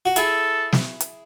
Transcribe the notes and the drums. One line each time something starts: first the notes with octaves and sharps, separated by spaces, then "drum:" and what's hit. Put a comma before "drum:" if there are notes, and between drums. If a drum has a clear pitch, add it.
F#4
E4 G#4 A4, drum: hi-hat
drum: snare
drum: hi-hat